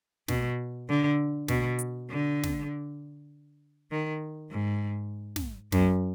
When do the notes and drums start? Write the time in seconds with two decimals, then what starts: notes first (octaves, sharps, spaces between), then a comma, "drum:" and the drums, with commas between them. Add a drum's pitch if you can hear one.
0.28 B2, drum: snare
0.89 D3
1.48 B2, drum: snare
1.79 drum: hi-hat
2.10 D3
2.44 drum: snare
3.91 D#3
4.51 G#2
5.36 drum: snare
5.72 F#2, drum: snare